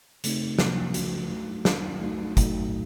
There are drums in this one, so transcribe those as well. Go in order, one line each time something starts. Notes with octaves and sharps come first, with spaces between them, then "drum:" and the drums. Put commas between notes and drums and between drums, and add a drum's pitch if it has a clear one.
C#3 A3 C4 D#4, drum: hi-hat
C3 F3 A#3, drum: snare
C#3 F3 A3 C#4 F#4, drum: hi-hat
F#3 A3 D#4 F#4
D#3 A#3 C#4 F4, drum: snare
F#3 A3 D#4 F#4
F#3 A3 D#4 F#4, drum: kick, hi-hat